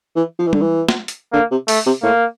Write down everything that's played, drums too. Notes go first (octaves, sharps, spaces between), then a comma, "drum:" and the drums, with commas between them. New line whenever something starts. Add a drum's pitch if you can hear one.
E3
F3
E3
D3, drum: tom G3
E3
drum: snare
drum: hi-hat
D3 A#3
C3
A3, drum: open hi-hat
C3
A2 A#3